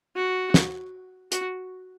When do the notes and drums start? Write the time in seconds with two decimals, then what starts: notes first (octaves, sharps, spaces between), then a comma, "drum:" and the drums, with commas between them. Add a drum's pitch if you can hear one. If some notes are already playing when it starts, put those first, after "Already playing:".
0.16 F#4
0.54 drum: snare
1.32 F#4, drum: hi-hat